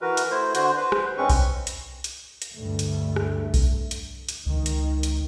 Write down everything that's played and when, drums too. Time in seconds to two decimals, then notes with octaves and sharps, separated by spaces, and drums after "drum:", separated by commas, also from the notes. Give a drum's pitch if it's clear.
0.01 E3 F#4 A#4 B4
0.17 drum: hi-hat
0.31 A3 E4 C5
0.55 D3 F#4 C5 F#6, drum: hi-hat
0.77 B4 C5
0.92 drum: rim click
1.18 G2 G#3 C4 C#4 B4 C#6
1.29 drum: kick B1, open hi-hat
1.67 drum: hi-hat
2.04 drum: hi-hat
2.42 drum: hi-hat
2.53 D2 G2 A3
2.79 drum: hi-hat
3.16 drum: rim click
3.54 drum: kick B1, open hi-hat
3.91 drum: hi-hat
4.29 drum: hi-hat
4.46 C#2 D#3
4.66 drum: hi-hat
5.03 drum: hi-hat